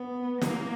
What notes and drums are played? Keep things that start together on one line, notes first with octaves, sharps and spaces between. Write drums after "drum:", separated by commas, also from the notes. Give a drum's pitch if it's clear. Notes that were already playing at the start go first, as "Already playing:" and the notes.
Already playing: B3
A#3, drum: snare